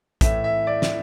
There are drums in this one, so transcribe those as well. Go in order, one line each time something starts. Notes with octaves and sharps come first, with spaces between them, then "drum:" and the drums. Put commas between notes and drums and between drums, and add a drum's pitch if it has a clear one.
A2 E3 A3 E5, drum: kick A#1, hi-hat
E5
D5
drum: snare